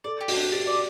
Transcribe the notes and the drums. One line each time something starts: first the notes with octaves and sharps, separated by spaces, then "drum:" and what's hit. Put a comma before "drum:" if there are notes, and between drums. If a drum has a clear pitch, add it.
A4 D5
G4
F#4, drum: open hi-hat
D4
D4 G4
D5